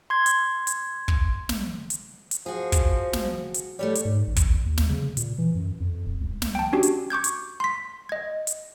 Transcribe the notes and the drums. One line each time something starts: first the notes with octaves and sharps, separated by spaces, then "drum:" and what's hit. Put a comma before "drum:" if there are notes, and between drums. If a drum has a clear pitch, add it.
C6 G#6
drum: hi-hat
drum: hi-hat
drum: kick
drum: snare
drum: hi-hat
drum: hi-hat
F3 F#4 G#4
drum: kick, hi-hat
drum: snare
drum: hi-hat
G3 A3 G4 C#5
drum: hi-hat
G#2
A1
drum: kick, hi-hat
D#2
drum: snare
C#3
A#2, drum: hi-hat
E3
F#2
F2
D#1
C#2
drum: snare
G5 A5
C#4 D4 F#4 G4
drum: hi-hat
C#6 D6 G6 G#6
drum: hi-hat
C6 B6
D#5 G#6
drum: hi-hat